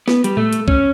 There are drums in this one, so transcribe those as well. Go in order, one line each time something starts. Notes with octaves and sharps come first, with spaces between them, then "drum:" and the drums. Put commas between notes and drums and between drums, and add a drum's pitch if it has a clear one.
B3, drum: snare
G3, drum: hi-hat
A3, drum: tom A2
drum: hi-hat
C#4, drum: kick C2